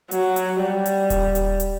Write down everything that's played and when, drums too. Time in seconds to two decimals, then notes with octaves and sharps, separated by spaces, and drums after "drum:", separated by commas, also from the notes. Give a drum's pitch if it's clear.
0.11 F#3, drum: hi-hat
0.36 drum: hi-hat
0.61 G3
0.86 drum: hi-hat
1.10 drum: kick D#1, hi-hat
1.35 drum: hi-hat
1.60 drum: hi-hat